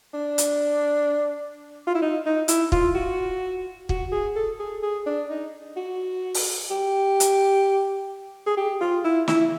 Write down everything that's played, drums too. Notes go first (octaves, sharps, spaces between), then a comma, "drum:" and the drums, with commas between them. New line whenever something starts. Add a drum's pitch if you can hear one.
D4
drum: hi-hat
F4
E4
D#4
D#4
E4, drum: hi-hat
F4, drum: kick
F#4
F#4, drum: kick
G#4
A4
G#4
G#4
D4
D#4
F#4
drum: open hi-hat
G4
drum: hi-hat
G#4
G4
F4
E4
E4, drum: snare